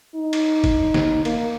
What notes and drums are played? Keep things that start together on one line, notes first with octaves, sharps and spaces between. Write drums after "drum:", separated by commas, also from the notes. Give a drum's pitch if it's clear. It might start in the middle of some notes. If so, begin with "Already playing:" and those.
D#4
drum: cymbal
drum: kick, cymbal
drum: snare
A#3, drum: cymbal